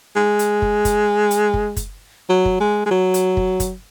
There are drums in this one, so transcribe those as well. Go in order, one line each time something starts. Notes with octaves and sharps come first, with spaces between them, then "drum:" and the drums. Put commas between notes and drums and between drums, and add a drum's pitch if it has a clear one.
G#3
drum: hi-hat
drum: kick
drum: kick, hi-hat
drum: hi-hat
drum: kick
drum: kick, hi-hat
F#3
drum: kick
G#3
G#3
F#3
drum: hi-hat
drum: kick
drum: kick, hi-hat